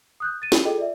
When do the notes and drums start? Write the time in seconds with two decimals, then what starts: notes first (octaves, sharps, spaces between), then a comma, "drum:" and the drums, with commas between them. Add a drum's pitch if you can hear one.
0.20 D#6 F#6 G6
0.42 A6 D#7
0.52 drum: snare
0.65 F4 G#4 A4 D#5 G5
0.78 D5 E5